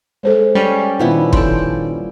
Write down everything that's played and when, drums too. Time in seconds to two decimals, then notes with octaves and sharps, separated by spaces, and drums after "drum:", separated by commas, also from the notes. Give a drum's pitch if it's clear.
0.23 G#3 A4 C5 C#5
0.55 G3 C#4
0.99 A#2 D#3 F3 B3 E4
1.33 A4 D5 G5 C6, drum: kick